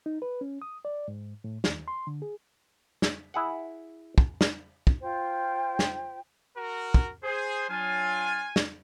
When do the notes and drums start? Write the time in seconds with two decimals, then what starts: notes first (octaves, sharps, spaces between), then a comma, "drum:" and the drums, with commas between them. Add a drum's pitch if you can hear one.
0.06 D#4
0.22 B4
0.41 C#4
0.62 D#6
0.85 D5
1.08 G#2
1.44 A2
1.64 D#2, drum: snare
1.88 C6
2.07 D3
2.22 G#4
3.02 drum: snare
3.34 E4 G#4 F#5
4.18 drum: kick
4.41 drum: snare
4.87 drum: kick
5.02 F4 C5 G5
5.79 drum: snare
6.57 F#4 A#4
6.94 drum: kick
7.24 G#4 C5
7.70 F#3 D4 F4 G#5
8.56 drum: snare